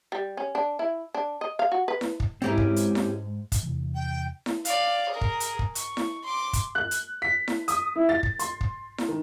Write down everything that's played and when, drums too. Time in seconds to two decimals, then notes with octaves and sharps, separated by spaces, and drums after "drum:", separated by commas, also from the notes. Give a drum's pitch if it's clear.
0.12 G3
0.37 C#4
0.55 D4
0.79 E4
1.15 D4
1.41 D#5
1.59 F5
1.72 F#4
1.88 B4
2.01 drum: snare E4
2.20 drum: kick
2.42 G#2 C4 C#4 E4 G4 G#4 A#4
2.58 drum: kick
2.76 drum: hi-hat
2.95 drum: snare E4
3.52 drum: kick, hi-hat
3.63 E2 C3 E3
3.95 G5
4.46 drum: snare E4
4.65 D5 F5, drum: hi-hat
5.10 G#4 A#4
5.21 drum: kick
5.40 drum: hi-hat
5.59 drum: kick
5.75 C#6, drum: hi-hat
5.97 drum: snare E4
6.24 C6 D6
6.53 drum: kick, hi-hat
6.75 F#6
6.91 drum: hi-hat
7.22 B6
7.48 drum: snare E4
7.68 D#6, drum: hi-hat
7.95 E4
8.09 A6
8.23 drum: kick
8.39 C6, drum: hi-hat
8.61 drum: kick
8.98 drum: snare E4
9.08 D#3